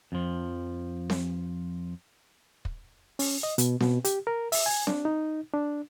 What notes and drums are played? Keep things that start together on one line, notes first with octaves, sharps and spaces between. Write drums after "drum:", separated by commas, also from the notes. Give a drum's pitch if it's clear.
F2 F3
drum: snare C4
drum: kick
C#4, drum: open hi-hat
D#5
B2, drum: hi-hat
B2, drum: snare C4
G4, drum: hi-hat
A#4
E5, drum: open hi-hat
G#5
D4, drum: snare C4
D#4
D4